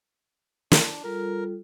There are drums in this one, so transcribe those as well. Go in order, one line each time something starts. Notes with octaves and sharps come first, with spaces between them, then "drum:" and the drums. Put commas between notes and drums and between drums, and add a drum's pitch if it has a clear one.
D4, drum: snare
G3 F4 A4 A#4